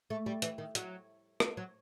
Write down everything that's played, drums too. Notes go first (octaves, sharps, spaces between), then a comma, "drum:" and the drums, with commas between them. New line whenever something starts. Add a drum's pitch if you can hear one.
A3
G3
E3, drum: hi-hat
D#3
F#3, drum: hi-hat
drum: rim click
F#3